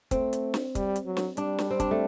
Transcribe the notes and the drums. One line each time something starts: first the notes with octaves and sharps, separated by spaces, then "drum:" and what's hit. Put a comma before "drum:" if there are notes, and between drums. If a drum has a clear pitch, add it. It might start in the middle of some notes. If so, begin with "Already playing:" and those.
A3 C4, drum: kick, hi-hat
drum: hi-hat
drum: snare
G3, drum: kick, hi-hat
drum: hi-hat
F#3
drum: snare
G3 D4, drum: hi-hat
drum: snare
C4
D4, drum: kick, hi-hat
A3